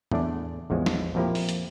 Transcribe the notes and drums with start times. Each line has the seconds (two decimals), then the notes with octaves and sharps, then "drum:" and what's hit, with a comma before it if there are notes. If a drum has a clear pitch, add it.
0.11 E2 A3 D4 D5, drum: tom
0.70 A1 E2 F3 G#3
0.86 drum: snare
1.15 F2 A#2 F3 A#3 E4 G4
1.35 drum: open hi-hat
1.49 drum: hi-hat